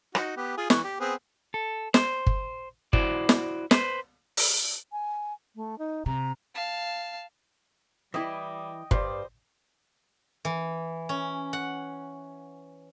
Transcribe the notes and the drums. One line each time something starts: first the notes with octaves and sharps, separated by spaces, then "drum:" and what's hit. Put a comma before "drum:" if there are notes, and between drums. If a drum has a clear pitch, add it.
D#4 F#4, drum: rim click
B3 G4
F4 G#4
E3 C#6, drum: snare
G4
B3 C4 G#4
A4
C5, drum: snare
drum: kick G1
E4 F#4 C5 D5, drum: kick G1
drum: snare
B4 C5, drum: snare
drum: open hi-hat
G#5
A3
D#4
C3 A#5
F5 A5
E3 G3 E4 D#5 G5 D#6
G2 C5 D5, drum: kick G1
E3
C#4
F#5